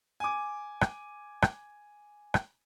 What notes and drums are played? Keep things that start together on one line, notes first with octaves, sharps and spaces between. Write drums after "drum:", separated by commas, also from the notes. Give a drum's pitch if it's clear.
G#5 D6
drum: rim click
drum: rim click
drum: rim click